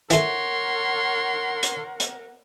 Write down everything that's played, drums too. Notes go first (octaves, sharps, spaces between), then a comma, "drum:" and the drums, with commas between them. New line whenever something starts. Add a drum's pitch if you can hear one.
E3 A3 A#4 C#5 F#5 C6, drum: hi-hat
drum: hi-hat
drum: hi-hat